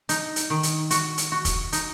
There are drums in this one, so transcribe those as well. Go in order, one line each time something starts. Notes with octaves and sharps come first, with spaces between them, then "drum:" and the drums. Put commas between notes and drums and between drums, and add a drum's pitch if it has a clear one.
D#4, drum: hi-hat
drum: hi-hat
D#3
drum: hi-hat
F#4, drum: hi-hat
drum: hi-hat
F#4
drum: kick F1, hi-hat
D#4, drum: hi-hat